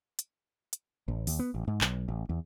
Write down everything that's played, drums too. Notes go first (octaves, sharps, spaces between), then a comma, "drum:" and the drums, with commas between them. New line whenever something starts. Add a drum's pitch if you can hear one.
drum: hi-hat
drum: hi-hat
A1
D#2, drum: open hi-hat
B3
A1
G#2
B1, drum: clap
A1
E2